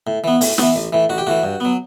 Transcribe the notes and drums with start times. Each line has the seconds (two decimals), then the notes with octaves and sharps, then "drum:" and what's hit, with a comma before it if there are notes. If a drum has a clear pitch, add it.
0.07 A2
0.24 E3 B3
0.41 A2, drum: open hi-hat
0.58 E3 B3, drum: snare
0.76 A1
0.93 A2 E3
1.09 A1 F#4
1.18 G4
1.27 A2 E3 F#4
1.43 G2
1.60 F#3 B3